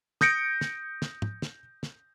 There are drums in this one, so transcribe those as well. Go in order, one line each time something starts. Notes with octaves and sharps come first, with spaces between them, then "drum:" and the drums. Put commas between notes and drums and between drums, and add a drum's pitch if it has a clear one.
D#6 G6 A#6 C#7 D7, drum: snare
drum: snare
drum: snare
drum: tom
drum: snare
drum: snare